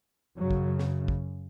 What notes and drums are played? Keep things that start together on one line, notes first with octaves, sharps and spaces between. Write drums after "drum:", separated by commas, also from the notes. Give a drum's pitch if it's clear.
F#2 C#3 F#3
drum: kick
drum: snare
drum: kick